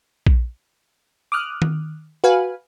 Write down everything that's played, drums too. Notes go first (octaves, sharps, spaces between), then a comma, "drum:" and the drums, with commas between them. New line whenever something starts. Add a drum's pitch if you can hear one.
drum: kick A#1
D6 D#6 F6 F#6
drum: tom D#3
F#4 B4 F5 G#5